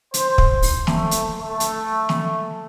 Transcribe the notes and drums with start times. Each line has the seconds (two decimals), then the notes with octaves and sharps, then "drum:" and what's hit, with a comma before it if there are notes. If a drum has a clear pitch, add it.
0.14 C5, drum: hi-hat
0.38 drum: kick
0.62 drum: open hi-hat
0.87 A3, drum: snare
1.11 drum: hi-hat
1.40 A3
1.60 drum: hi-hat
2.09 drum: snare